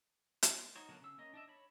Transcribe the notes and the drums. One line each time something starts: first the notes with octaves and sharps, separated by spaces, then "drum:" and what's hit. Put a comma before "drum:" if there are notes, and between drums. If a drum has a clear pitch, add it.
drum: hi-hat
D#4 F#4 C5 C#5
D3 F#3 A#3 B3 F#4
C#3 E6
A#3 C#4 D#5
D4 D#5 E5
C#5 B5